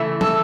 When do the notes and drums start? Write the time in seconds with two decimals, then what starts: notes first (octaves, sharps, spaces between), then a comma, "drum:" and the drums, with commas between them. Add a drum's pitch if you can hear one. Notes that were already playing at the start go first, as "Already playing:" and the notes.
Already playing: C#3 E3 A3
0.21 A4, drum: tom